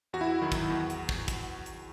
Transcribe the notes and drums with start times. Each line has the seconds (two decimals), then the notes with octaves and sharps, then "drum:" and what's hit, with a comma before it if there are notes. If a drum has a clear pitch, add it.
0.13 E2 F#4
0.21 E4
0.28 F#4
0.42 D#3 F#3
0.52 drum: kick, hi-hat
0.70 E2
0.90 drum: hi-hat
1.09 drum: kick
1.28 drum: kick, hi-hat
1.66 drum: hi-hat